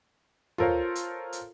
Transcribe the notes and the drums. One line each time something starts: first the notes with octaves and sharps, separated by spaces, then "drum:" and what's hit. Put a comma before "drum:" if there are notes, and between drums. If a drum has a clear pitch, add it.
F4 A4 A#4 C5 C#5 F5, drum: tom
drum: hi-hat
drum: hi-hat